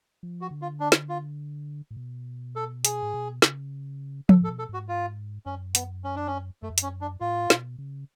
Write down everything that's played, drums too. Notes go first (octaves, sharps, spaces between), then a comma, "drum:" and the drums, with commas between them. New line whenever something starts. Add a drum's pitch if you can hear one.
F3
F#4
D3
F4
D4
drum: snare
F4
A2
B2
A4
G#4, drum: hi-hat
A2
B2
C#3, drum: snare
D3 A4, drum: tom F3
A2 A4
B2
A4
G#2 F#4
F4
F#2 C#4
B3, drum: hi-hat
C#4
D4
C#4
F#2 A3
F2
F#2 C#4, drum: hi-hat
D4
A2 F4
B2, drum: snare
C#3